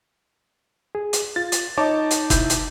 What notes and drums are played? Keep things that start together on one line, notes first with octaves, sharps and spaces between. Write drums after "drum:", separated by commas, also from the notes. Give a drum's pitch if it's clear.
G#4
drum: hi-hat
F4 A6
drum: hi-hat
D#4 C#5 D#5 A5 D6
drum: hi-hat
B2 E4 G6, drum: kick F#1, hi-hat
drum: hi-hat